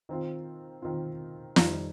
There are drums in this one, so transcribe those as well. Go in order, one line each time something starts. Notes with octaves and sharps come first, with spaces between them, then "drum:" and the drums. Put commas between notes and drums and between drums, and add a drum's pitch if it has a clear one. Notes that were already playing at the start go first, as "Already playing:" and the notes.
D#3 C4 F4
D#3 C4 F4
F2 D#3 G3 D#4, drum: snare